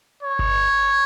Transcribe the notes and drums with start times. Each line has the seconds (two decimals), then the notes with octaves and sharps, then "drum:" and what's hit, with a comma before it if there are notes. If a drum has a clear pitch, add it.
0.23 C#5
0.39 drum: kick G1